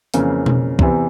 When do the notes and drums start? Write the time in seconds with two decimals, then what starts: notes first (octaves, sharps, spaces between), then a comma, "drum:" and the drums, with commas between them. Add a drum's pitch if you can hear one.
0.14 F2 C#3 E3 A#3, drum: hi-hat
0.46 drum: tom B2
0.79 E2 C3 E3, drum: kick